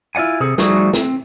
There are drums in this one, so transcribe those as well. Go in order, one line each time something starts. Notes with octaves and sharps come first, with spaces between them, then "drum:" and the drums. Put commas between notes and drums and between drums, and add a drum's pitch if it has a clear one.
E4 F4 D5 F#5 G#5
C3 G#4 A4
F3 G3 A3 D#4 F#4 G#4, drum: snare
C4, drum: snare